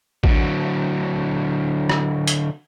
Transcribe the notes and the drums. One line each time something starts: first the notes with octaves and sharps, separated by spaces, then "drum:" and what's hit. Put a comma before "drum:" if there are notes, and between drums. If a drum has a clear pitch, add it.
D3 F#3, drum: kick A1
drum: rim click
drum: hi-hat